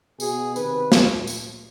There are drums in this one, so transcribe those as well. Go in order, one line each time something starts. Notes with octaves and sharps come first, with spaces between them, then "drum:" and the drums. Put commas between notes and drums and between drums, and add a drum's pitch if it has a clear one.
B2 G#4, drum: tambourine
C3 D#3 B4, drum: tambourine
drum: snare
drum: tambourine